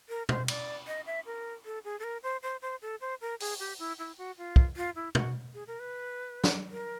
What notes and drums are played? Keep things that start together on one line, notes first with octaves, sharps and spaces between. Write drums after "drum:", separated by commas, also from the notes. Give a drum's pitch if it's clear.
A#4
C5, drum: tom
D5, drum: cymbal
D#5
E5
A#4
A4
G#4
A4
A#4
C5
C5
C5
A4
C5
A#4
G#4, drum: open hi-hat
G4
E4
E4
F#4
F4
drum: kick
F4
E4
F#4, drum: tom
G#4
A#4
B4
drum: snare
A#4